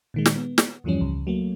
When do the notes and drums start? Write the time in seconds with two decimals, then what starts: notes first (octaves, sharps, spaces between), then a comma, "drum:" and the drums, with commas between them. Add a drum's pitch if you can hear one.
0.14 A#2 D#3 G#3
0.26 drum: snare
0.36 B3
0.58 drum: snare
0.84 E2 G2 E3 F3 G3 C#4
1.01 C#2
1.27 F#3 A3 A#3